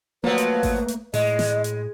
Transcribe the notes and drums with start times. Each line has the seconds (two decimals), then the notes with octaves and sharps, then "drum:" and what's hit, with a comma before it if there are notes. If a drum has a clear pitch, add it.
0.24 F3 F#3 A3 A#3 B4
0.38 drum: hi-hat
0.63 drum: kick G#1, open hi-hat
0.88 drum: hi-hat
1.14 A2 G#3 D#5, drum: open hi-hat
1.39 drum: snare
1.64 drum: hi-hat